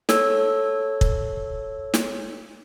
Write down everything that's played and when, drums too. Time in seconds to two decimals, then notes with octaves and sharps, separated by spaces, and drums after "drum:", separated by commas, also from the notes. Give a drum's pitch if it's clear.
0.09 A4 C#5 E6, drum: snare
1.01 drum: kick
1.94 drum: snare